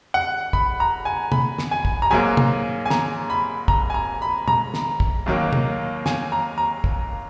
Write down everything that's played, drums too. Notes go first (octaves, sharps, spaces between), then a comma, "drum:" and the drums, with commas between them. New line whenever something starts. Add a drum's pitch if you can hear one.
F#5
B5, drum: kick
A#5
G#5
B5, drum: tom
drum: snare
G#5
drum: kick
A#5
G#2 F#3 A#3 G#5
drum: tom
G#5
A#5, drum: snare
B5
A#5, drum: kick
G#5
A#5
B5
A#5, drum: tom
drum: snare
drum: kick
D#2 D#3 F#3 A#3
drum: tom
G#5, drum: snare
A#5
A#5
drum: kick